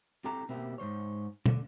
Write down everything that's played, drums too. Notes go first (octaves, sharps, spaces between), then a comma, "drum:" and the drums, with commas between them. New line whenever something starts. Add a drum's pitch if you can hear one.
C4 D4 E4 G4 A4 A#5
B2 A#3 C4 E4 G4
G#2 D#3 C5 C#5
D3, drum: tom